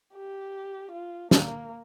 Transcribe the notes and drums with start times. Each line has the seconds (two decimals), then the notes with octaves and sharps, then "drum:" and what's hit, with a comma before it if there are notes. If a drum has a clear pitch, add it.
0.15 G4
0.92 F4
1.31 A#3, drum: snare